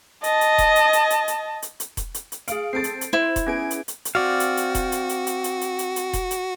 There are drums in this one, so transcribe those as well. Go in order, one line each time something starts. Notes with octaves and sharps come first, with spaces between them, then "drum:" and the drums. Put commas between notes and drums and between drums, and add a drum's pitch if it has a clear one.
D#5 A5, drum: hi-hat
drum: hi-hat
drum: kick E1, hi-hat
drum: hi-hat
drum: hi-hat
drum: hi-hat
drum: hi-hat
drum: hi-hat
drum: hi-hat
drum: kick E1, hi-hat
drum: hi-hat
drum: hi-hat
G#4 F5 D7, drum: hi-hat
C4 A4 A6 C7 D7
drum: hi-hat
drum: hi-hat
E4 C5
drum: kick E1, hi-hat
B3 C#4 G#4 G#6 D7
drum: hi-hat
drum: hi-hat
drum: hi-hat
C4 F#4 D5 F5
drum: hi-hat
drum: hi-hat
drum: kick E1, hi-hat
drum: hi-hat
drum: hi-hat
drum: hi-hat
drum: hi-hat
drum: hi-hat
drum: hi-hat
drum: hi-hat
drum: kick E1, hi-hat
drum: hi-hat